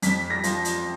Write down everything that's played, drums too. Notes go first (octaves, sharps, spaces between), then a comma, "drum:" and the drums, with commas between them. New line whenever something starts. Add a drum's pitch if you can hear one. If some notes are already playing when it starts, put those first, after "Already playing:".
F2 B6, drum: hi-hat
A#6
F3, drum: hi-hat
drum: hi-hat